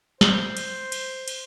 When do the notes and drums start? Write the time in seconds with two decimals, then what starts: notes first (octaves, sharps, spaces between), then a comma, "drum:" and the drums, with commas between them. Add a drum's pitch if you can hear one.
0.21 C5, drum: snare
0.57 drum: cymbal
0.92 drum: cymbal
1.28 drum: cymbal